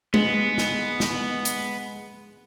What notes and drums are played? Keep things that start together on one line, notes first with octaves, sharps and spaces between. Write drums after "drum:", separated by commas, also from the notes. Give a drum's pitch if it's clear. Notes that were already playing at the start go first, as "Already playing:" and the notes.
G#3 B3, drum: tom G#3
drum: snare
drum: snare
drum: hi-hat